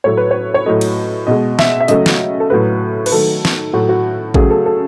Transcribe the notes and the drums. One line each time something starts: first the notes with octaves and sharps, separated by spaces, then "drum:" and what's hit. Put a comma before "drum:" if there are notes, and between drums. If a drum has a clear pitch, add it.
A2 F#3 A3 C#5
B4
C#5
C#5
A2 F#3 A3 D#5
drum: cymbal
B2 G#3 D#5
E5, drum: snare
E5
C#3 F#3 A3 D#5, drum: hi-hat
drum: snare
A4
A2 F#3 A3 B4
B4, drum: cymbal
D#3 F#3 A3 A4
drum: snare
A2 F#3 A3 F#4
F#4
C#3 F#3 A3 G#4, drum: kick A1
A4
A4